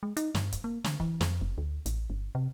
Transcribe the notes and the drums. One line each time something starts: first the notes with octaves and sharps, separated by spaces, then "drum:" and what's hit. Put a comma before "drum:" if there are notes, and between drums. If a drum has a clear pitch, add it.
G#3
D#4, drum: hi-hat
G2, drum: snare
drum: kick, hi-hat
A#3
D3, drum: snare
E3, drum: kick
F2, drum: snare
F#1
D2
A1, drum: hi-hat
G1
C3